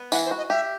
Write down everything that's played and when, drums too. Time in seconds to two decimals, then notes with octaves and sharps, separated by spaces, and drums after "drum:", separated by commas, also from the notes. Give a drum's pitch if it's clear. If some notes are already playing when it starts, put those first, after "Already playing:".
Already playing: B3
0.12 E3 F#5, drum: tambourine
0.25 C5
0.31 F#4
0.38 D#5
0.50 G4 E5